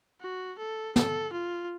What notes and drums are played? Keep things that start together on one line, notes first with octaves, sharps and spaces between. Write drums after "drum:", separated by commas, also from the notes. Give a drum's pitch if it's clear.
F#4
A4
A4, drum: snare
F4